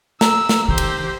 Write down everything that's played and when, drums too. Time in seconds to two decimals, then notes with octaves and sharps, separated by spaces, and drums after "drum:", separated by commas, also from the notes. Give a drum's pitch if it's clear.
0.21 A#5 E6, drum: snare
0.49 drum: snare
0.68 D#3 G4 C5
0.78 drum: cymbal